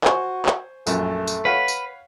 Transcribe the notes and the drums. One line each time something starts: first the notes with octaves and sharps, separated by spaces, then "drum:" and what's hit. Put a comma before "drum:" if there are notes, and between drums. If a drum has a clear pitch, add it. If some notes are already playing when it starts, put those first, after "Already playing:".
F#4 C5 G#5 C#6, drum: clap
drum: clap
A#1 F#2 A3, drum: tambourine
drum: tambourine
B4 C#5 F5 F#5
drum: tambourine